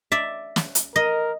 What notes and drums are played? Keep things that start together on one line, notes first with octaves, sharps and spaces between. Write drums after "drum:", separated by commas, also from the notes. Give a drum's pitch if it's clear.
D5 E5
drum: snare
drum: hi-hat
A#4 D#5